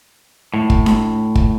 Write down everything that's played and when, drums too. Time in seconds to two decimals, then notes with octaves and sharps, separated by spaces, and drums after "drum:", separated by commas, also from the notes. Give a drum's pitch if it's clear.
0.54 A2
0.70 drum: kick
0.86 drum: snare D4
1.35 drum: kick